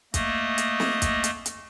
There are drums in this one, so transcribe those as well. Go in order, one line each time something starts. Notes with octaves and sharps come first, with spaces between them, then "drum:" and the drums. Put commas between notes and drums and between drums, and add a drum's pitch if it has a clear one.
A3 A#3 D#5 D#6, drum: kick, hi-hat
drum: hi-hat
drum: snare
drum: kick, hi-hat
drum: hi-hat
drum: hi-hat